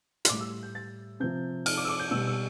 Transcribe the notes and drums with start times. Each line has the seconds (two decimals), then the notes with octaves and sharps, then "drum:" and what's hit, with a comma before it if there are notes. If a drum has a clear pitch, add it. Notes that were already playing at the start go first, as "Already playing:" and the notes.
0.25 C6, drum: hi-hat
0.29 A2 G3 D6
0.40 E6
0.63 G6
0.75 A6
1.20 C3 F3 G6
1.66 F6, drum: cymbal
1.77 D6
1.85 E6
1.89 D6
2.00 G6
2.11 B2 G3 E6
2.27 E6